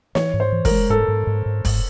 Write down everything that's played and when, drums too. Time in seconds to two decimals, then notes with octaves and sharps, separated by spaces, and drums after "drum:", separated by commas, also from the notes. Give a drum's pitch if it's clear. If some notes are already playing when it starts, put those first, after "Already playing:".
0.15 E3 C#5, drum: snare
0.34 G#2
0.40 C5
0.52 E3
0.65 A#4, drum: kick, open hi-hat
0.71 G#3
0.90 G#2 A4
1.08 G#2
1.27 G#2
1.46 G#2
1.65 G#2, drum: kick, open hi-hat